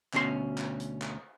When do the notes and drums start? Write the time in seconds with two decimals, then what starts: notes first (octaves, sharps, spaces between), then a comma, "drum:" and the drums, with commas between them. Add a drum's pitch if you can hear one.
0.14 D2 B2 C#4 G#4 C6, drum: clap
0.58 drum: clap
0.80 drum: hi-hat
1.02 drum: clap